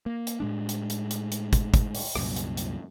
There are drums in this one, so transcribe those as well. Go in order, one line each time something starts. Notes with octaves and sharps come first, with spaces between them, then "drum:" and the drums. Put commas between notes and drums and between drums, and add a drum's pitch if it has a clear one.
A#3
drum: hi-hat
A2 G#3 D4
drum: hi-hat
drum: hi-hat
drum: hi-hat
drum: hi-hat
drum: kick, hi-hat
drum: kick, hi-hat
drum: open hi-hat
C2 F#2 A#2, drum: rim click
drum: hi-hat
drum: hi-hat